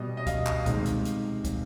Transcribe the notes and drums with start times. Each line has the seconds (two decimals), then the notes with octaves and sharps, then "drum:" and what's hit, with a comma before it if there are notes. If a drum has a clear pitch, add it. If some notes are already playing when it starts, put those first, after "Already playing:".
Already playing: B2 G3 D#5
0.17 D#5
0.27 F5, drum: kick, hi-hat
0.46 drum: clap
0.66 C3 D#3 G#3, drum: kick, hi-hat
0.86 drum: hi-hat
1.05 drum: hi-hat
1.44 drum: kick, hi-hat